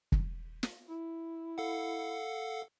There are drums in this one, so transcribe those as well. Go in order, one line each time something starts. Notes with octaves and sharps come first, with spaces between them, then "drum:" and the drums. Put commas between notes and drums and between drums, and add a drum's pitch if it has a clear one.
drum: kick
drum: snare
E4
A4 F5 F#5